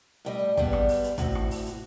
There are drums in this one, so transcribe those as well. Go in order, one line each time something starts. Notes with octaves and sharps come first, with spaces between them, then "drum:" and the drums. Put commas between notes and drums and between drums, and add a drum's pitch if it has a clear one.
A2 G3 D#5
G2 G3 G#3 B3, drum: kick
drum: rim click
drum: open hi-hat
drum: hi-hat
D2 A2 C3 F#4, drum: kick, hi-hat
drum: rim click
drum: open hi-hat
drum: hi-hat